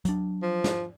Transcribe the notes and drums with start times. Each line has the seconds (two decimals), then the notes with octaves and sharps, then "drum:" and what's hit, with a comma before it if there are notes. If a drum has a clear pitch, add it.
0.05 F#3 D4, drum: hi-hat
0.42 F3
0.64 drum: snare